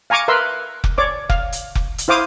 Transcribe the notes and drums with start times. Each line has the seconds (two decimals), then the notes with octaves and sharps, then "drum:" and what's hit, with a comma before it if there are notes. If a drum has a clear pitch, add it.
0.10 F5 G#5 A#5 C#6 D6
0.28 A#4 B4 E5 C6 E6
0.84 drum: kick F1
0.98 C#5 D5 D6
1.30 F5, drum: kick F1
1.52 drum: hi-hat
1.75 drum: kick F1
1.98 drum: hi-hat
2.08 E4 C5 F5 D6 D#6